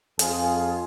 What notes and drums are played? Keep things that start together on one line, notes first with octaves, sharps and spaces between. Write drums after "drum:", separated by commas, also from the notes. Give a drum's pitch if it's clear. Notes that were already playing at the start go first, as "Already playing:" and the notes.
F2 F4 G#4, drum: hi-hat